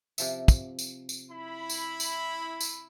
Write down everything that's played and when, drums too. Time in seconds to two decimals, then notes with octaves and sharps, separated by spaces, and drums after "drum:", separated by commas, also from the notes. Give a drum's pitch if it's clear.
0.18 C3 F3 E5, drum: tambourine
0.48 drum: kick, tambourine
0.79 drum: tambourine
1.09 drum: tambourine
1.30 E4 B5
1.70 drum: tambourine
2.00 drum: tambourine
2.61 drum: tambourine